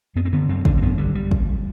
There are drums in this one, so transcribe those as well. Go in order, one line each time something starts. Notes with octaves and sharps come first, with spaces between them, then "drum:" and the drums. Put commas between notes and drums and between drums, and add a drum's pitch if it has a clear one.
F#2 B3
C4
D3 B3
F#2 C4
D3 D4, drum: kick
C4
F#2 B3
D3 G3
G3
drum: kick